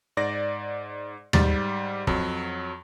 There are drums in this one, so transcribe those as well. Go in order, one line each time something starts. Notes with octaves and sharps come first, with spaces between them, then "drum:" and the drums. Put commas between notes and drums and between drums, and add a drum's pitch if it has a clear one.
G#2 D5 A#6
G#2 G3 A6, drum: tom D#2
F2 F#3, drum: kick